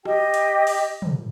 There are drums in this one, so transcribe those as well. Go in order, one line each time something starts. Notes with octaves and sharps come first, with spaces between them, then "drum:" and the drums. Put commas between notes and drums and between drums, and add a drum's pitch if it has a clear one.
G4 D#5 G5, drum: rim click
drum: hi-hat
drum: open hi-hat
drum: tom